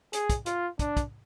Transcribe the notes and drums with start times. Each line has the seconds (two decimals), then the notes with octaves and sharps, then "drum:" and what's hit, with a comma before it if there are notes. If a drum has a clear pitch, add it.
0.13 G#4, drum: hi-hat
0.30 drum: kick, hi-hat
0.46 F4, drum: hi-hat
0.79 D4, drum: kick, hi-hat
0.97 drum: kick, hi-hat